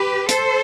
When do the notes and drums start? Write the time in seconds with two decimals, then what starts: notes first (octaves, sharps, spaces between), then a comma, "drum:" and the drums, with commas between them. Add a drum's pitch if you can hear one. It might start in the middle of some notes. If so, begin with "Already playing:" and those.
Already playing: G4 B4
0.29 A4 C5, drum: hi-hat